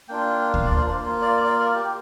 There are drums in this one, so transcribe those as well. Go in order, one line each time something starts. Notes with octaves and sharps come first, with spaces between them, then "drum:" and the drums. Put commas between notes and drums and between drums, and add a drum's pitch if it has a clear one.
A#3 D4 F4 G5
F5, drum: kick
D5
C5
C5
A#3 F4
D5
D5
A#4
G4